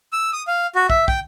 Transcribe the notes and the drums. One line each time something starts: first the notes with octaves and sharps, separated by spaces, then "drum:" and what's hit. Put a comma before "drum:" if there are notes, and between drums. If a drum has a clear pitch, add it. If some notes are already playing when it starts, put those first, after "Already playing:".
E6
D#6
F5
F#4
E5, drum: kick
G5, drum: kick